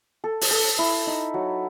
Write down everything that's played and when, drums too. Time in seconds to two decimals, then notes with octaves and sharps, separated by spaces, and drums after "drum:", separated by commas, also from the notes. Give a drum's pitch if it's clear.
0.24 A4
0.41 drum: open hi-hat
0.51 A4
0.79 E4
1.07 D#4
1.34 F#3